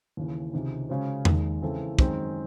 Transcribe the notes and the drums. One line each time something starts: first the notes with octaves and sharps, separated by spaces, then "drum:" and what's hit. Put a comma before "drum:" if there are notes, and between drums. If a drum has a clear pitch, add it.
D#2 C#3 E3
C#2 C3 D#3
C#3 G#3 C#4 F#4 C5
D#2 D#3 G#3, drum: tom E2
C#3 E3 C4 E4 A4
F#2 D#3 G#3 C4, drum: kick